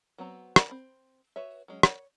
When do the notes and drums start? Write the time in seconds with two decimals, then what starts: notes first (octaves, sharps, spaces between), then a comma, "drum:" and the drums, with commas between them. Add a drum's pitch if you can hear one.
0.18 F#3 B3 C4 A#5
0.56 drum: rim click
0.70 C4 B5
1.36 F#4 B4 C#5 E5
1.68 F#3 G#3 C#4
1.83 C#5, drum: rim click